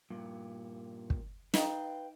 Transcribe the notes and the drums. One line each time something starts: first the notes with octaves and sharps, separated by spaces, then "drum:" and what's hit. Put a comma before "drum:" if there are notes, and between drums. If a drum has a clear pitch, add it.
G2 A#2
drum: kick
D#4 B4 F5 G5, drum: snare